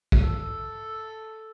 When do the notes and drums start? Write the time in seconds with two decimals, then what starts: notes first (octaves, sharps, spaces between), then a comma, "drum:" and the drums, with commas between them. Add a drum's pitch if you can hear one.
0.12 drum: kick
0.23 A4